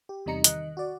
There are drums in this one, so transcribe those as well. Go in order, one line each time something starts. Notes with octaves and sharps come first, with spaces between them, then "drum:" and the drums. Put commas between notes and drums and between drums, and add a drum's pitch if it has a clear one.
G4
E2 C3 G3 D#4 A#5 C#7
D#3 D#5 F#6, drum: hi-hat
F#4 D5